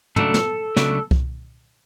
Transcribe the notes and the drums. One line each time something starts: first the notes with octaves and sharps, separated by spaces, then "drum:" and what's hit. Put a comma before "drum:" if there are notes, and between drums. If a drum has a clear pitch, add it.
C#2 C#3 F#3 A3 D4 A4, drum: tom
drum: snare
C#2 C#3 F#3 A3 D4, drum: snare
drum: kick C2